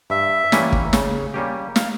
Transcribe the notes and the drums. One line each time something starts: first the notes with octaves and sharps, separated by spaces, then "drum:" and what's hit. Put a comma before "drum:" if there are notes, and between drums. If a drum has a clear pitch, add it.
G2 E5
E3 G3 A#3 C#4, drum: snare
drum: kick
C#3, drum: snare
G3 A#3 C#4 G4
F5, drum: snare